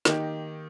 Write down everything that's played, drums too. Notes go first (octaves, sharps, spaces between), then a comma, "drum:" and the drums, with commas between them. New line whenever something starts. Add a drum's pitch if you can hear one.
D#3 A#3 D#4 G4, drum: snare